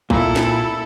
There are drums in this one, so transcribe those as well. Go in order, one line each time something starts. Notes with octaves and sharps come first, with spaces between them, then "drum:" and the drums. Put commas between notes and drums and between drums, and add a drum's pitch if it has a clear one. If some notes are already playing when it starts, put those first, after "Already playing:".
A#2 E4 A4, drum: kick
drum: snare